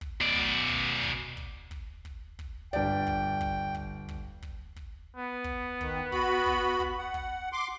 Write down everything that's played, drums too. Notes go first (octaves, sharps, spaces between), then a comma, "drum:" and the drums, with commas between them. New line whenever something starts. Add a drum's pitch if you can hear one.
drum: kick
B2 D5
drum: kick
drum: kick
drum: kick
drum: kick
drum: kick
drum: kick
drum: kick
G1 D5 G5, drum: kick
drum: kick
drum: kick
drum: kick
drum: kick
drum: kick
drum: kick
B3
drum: kick
D#3, drum: kick
F#4 B5, drum: kick
drum: kick
drum: kick
F#5
drum: kick
C6 D6